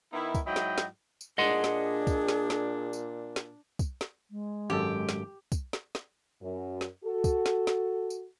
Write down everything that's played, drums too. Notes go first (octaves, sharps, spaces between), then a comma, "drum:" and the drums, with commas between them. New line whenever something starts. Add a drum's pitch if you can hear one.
D#3 B3 D#4 E4
drum: kick, tambourine
G#2 F#3 E4 D#5 G5
drum: snare
drum: snare
drum: tambourine
A#2 D4 G#4 D#5 F#5 C6
drum: snare
drum: kick, tambourine
drum: snare
drum: snare
drum: tambourine
drum: snare
drum: kick, tambourine
drum: snare
G#3
G#1 F#2 G4 A4
drum: snare
drum: kick, tambourine
drum: snare
drum: snare
F#2
drum: snare
F#4 A4
drum: kick, tambourine
drum: snare
drum: snare
drum: tambourine